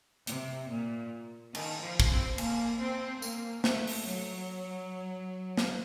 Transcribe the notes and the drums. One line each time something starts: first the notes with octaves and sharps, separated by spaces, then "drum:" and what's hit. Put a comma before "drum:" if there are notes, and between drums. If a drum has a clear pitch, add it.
C3, drum: hi-hat
A#2
D#3, drum: cymbal
F3
drum: kick
C4
A#3, drum: cymbal
C4
A#3, drum: tambourine
A3, drum: snare
drum: open hi-hat
F#3
drum: snare